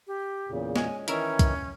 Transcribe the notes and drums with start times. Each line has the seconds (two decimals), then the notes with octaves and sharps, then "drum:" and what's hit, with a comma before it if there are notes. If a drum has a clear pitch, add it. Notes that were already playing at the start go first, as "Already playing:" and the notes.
0.07 G4
0.49 E2 A#2 C#3
0.76 G#3 C#4 G#5, drum: snare
1.08 D#3 E3 C#4 D#4 E4 A#4 E5, drum: hi-hat
1.39 drum: kick, hi-hat